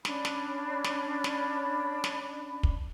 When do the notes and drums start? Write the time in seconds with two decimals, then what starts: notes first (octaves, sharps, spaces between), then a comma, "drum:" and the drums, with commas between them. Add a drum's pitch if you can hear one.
0.05 C#4 D4 B5, drum: snare
0.25 drum: snare
0.84 drum: snare
1.24 drum: snare
2.04 drum: snare
2.63 drum: kick